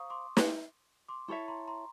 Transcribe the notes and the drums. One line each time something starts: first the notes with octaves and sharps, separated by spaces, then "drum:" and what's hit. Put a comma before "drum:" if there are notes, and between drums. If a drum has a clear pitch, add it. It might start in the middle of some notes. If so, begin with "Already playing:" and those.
Already playing: C5 F5 A#5 C#6 D#6
C6 D6
drum: snare
C6 D6
E4 A4 C#5 E5 B5 C#6
A#5 C6
A#5 C6